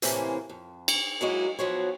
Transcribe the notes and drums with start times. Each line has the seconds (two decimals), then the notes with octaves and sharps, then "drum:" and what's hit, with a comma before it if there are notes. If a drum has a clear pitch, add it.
0.02 A2 C3 E3 A#3 C4 C#4, drum: hi-hat
0.50 F2
0.88 drum: cymbal
1.21 F#3 G#3 A#3 E4 F#4 D#5
1.59 F3 F#3 B3 F#4 C5 C#5